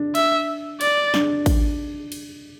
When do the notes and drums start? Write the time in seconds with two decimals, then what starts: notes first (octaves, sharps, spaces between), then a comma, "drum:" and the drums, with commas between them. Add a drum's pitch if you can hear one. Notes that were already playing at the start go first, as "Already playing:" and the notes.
Already playing: D4
0.15 E5, drum: cymbal
0.81 D5, drum: cymbal
1.14 D4, drum: snare
1.46 drum: kick A1, cymbal
2.12 drum: cymbal